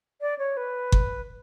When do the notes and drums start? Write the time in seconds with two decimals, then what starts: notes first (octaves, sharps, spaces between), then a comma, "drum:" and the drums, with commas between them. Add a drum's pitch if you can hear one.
0.21 D5
0.38 C#5
0.57 B4
0.92 drum: kick G1